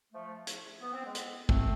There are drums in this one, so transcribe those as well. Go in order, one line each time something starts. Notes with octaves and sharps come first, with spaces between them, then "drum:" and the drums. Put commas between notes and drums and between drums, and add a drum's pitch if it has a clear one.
F3 A3
drum: hi-hat
B3
C4
G#3 B3
drum: hi-hat
A3 C4, drum: kick